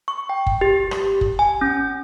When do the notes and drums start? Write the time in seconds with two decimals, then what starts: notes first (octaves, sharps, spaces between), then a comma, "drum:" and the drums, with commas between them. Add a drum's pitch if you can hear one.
0.08 C#6
0.29 G5
0.46 drum: kick F#1
0.61 G4
0.91 drum: rim click
1.21 drum: kick F#1
1.39 G#5
1.61 C#4